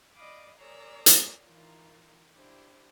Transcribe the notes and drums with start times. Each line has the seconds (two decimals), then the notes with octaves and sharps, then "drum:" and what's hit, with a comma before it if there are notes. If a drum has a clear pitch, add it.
0.17 D5 D#5 F5 B5 D6 D#6
0.59 G#4 A#4 C#5 D5 A#5 E6
1.06 drum: hi-hat
1.47 E3 D#4 F4 A#4
2.34 D4 E4 G4 C5